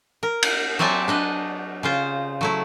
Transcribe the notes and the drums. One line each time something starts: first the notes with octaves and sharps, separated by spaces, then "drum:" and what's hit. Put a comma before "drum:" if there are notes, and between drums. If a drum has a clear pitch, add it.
A#4
drum: cymbal
F#3 C4 D5 E5 G#5 A5
D4 B4 D#5
C#3 F4 C5
F#3 A3 E4